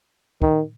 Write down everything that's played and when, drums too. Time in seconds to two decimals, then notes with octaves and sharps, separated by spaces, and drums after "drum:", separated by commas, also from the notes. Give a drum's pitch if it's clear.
0.42 D#3, drum: kick